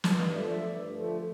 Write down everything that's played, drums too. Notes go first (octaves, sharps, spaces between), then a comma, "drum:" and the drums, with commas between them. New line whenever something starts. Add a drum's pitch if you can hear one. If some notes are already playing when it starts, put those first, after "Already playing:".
G2, drum: snare
D#5 F5
D3 F3 A3 D5 E5
D5 E5
G2
D3 F3 A3